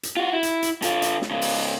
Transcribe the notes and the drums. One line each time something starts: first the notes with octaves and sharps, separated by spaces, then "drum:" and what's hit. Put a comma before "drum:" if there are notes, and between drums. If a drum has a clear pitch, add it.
drum: hi-hat
F4 F#4
E4
drum: hi-hat
drum: hi-hat
D3 F4, drum: hi-hat
drum: hi-hat
drum: snare
G#2 C#3
drum: open hi-hat